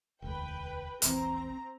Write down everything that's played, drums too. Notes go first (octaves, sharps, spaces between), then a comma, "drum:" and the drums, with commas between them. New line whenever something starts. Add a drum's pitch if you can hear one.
E1 D2 B4 G5
E1 A#1 E3 C4 A#5, drum: hi-hat